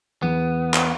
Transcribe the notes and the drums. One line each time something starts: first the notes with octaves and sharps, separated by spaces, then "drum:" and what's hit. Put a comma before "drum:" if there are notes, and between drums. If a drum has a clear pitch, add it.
E2 B3
drum: clap